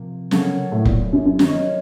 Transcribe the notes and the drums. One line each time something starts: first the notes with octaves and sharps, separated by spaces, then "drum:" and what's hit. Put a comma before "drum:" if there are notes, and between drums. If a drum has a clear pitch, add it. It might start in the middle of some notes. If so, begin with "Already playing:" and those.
Already playing: C3 F3 A#3
C#3 F#3 A#3 C#4 A4, drum: snare
A2
A#2, drum: kick F1
F#2
F#2
F#2 D#3 A#3 C#4, drum: snare